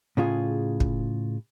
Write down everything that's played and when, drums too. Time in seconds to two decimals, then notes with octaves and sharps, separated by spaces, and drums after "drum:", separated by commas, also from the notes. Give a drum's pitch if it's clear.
0.17 A2 C#3 F4 G#4
0.80 drum: kick